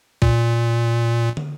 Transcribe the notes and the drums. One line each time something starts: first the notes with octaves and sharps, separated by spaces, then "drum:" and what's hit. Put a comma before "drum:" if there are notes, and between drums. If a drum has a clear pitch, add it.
A#2, drum: kick
drum: tom